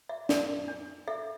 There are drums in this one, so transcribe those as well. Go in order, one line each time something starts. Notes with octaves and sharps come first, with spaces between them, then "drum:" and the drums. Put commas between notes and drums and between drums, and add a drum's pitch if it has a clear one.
E5
D4 D5, drum: snare
D4
A4 E5